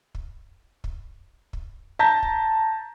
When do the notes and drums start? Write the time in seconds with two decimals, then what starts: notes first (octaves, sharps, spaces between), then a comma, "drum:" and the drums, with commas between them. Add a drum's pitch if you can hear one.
0.15 drum: kick
0.84 drum: kick
1.53 drum: kick
1.99 A5 A#5 G6 A#6 B6
2.22 drum: kick